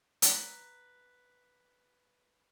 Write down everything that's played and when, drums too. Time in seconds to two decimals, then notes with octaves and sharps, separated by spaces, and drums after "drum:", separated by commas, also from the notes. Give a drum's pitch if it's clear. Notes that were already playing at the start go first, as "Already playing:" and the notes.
0.22 B4 A#5, drum: hi-hat